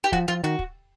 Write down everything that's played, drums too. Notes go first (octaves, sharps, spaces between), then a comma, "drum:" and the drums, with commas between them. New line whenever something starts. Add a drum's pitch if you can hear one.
G4
F3 F#4, drum: kick
F3 F4
D#3 F#4
drum: kick